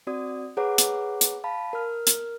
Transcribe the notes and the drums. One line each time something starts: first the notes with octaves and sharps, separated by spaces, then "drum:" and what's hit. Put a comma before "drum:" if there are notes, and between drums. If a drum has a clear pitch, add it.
C4 F#4 D5 D#6
G#4 B4 C#5 F#5 A#5 D6
drum: hi-hat
drum: hi-hat
F5 A5 B5
A#4 F6
drum: hi-hat